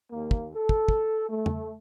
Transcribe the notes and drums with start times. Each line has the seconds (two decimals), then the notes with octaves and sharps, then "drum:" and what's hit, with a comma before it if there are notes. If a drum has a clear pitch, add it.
0.12 D#2 A#3
0.31 drum: kick
0.55 A4
0.69 drum: kick
0.88 drum: kick
1.29 A3
1.46 drum: tom E2